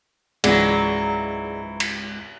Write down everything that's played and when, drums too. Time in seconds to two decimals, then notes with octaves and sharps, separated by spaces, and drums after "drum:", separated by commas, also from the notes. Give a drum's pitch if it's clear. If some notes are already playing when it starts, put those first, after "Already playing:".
0.44 C#2 G#2 E3 F#3 G#4 D5 F#5, drum: cymbal
1.80 drum: cymbal